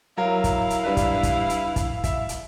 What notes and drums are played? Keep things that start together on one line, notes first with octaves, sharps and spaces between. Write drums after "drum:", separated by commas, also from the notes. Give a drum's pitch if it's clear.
F#3 E4 A#4 F5
drum: kick, hi-hat
drum: hi-hat
G3 D4 B4
drum: kick, hi-hat
drum: kick, hi-hat
drum: hi-hat
drum: kick, hi-hat
E5, drum: kick, hi-hat
drum: hi-hat